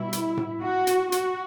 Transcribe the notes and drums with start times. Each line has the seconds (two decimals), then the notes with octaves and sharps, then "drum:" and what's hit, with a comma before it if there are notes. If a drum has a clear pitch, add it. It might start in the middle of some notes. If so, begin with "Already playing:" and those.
Already playing: B2 G3 E4
0.13 drum: hi-hat
0.37 drum: tom A2
0.62 F#4
0.87 drum: hi-hat
1.12 F#4, drum: hi-hat